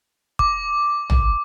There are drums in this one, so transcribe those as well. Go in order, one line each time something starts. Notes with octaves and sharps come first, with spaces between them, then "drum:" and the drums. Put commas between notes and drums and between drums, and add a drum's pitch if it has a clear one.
D6, drum: kick
drum: tom A1